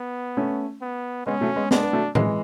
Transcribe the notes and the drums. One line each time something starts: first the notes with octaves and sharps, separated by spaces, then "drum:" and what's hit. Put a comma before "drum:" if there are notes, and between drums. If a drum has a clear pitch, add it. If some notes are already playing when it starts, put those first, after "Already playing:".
Already playing: B3
A3 C#4
B3
G#3 B3 C#4
F#3 A3
G#3 B3
G#3 B3 D4, drum: snare C4
B3
F#3 A3
E3 G#3, drum: tom A2